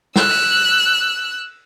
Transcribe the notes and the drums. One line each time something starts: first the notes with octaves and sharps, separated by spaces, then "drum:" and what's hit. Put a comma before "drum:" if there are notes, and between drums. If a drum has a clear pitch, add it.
E6 F#6, drum: snare
drum: open hi-hat